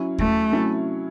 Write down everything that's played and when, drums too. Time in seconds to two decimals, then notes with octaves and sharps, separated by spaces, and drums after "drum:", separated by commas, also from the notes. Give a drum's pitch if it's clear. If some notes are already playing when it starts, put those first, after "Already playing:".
Already playing: F#3 C#4 E4
0.18 A3, drum: kick D#2
0.52 C3 F#3 C#4 E4